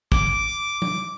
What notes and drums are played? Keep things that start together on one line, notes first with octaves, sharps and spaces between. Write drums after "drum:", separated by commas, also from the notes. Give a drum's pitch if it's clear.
D6, drum: kick
drum: tom